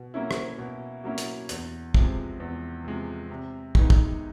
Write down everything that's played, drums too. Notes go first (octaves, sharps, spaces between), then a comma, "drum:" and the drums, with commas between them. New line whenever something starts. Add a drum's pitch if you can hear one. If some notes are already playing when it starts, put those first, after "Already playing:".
Already playing: B2
F#3 A#3 C#4 E4
drum: rim click
B2
F#3 A#3 C#4 E4
drum: hi-hat
E2, drum: hi-hat
C3 F3 G#3, drum: kick
E2
C3 F3 G#3
C3
D#3 G#3 B3 D#4, drum: kick
drum: kick